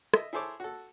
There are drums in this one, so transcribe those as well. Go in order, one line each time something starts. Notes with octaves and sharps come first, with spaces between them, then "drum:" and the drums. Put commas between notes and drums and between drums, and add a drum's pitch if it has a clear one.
D#5 E5, drum: rim click
E4 G#4 A4 C5 C#5 D6
F#4 A4